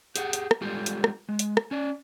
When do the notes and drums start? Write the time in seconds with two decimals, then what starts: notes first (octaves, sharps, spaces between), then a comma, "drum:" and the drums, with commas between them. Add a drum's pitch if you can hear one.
0.16 G4 G#4 F#5, drum: hi-hat
0.33 drum: hi-hat
0.51 drum: rim click
0.61 G3 G#3 F4 G4 A4
0.86 drum: hi-hat
1.04 drum: rim click
1.29 G#3
1.39 drum: hi-hat
1.57 drum: rim click
1.71 C#4 D5